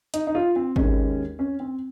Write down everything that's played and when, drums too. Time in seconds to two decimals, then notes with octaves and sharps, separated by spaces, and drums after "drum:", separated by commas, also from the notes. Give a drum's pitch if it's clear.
0.14 D#4, drum: hi-hat
0.27 D#4
0.35 F4
0.56 C4
0.76 D#2 D#3 G#3 C#4, drum: kick G#1
1.39 C#4
1.60 C4